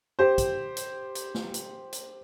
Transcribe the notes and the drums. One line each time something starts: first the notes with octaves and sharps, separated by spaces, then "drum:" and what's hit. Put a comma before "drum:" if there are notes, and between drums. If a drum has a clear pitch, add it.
G4 C5
drum: kick, hi-hat
drum: hi-hat
drum: hi-hat
drum: snare
drum: hi-hat
drum: hi-hat